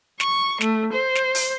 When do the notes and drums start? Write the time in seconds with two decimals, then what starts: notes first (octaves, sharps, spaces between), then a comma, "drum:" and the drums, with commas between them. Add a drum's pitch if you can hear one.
0.20 C#6, drum: snare
0.61 A3, drum: snare
0.92 C5
1.16 drum: snare
1.35 drum: open hi-hat